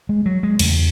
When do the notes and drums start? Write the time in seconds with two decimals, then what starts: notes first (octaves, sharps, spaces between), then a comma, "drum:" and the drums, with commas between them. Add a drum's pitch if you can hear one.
0.09 G#3
0.26 F#3
0.43 G#3
0.59 E2 C#3 A3, drum: cymbal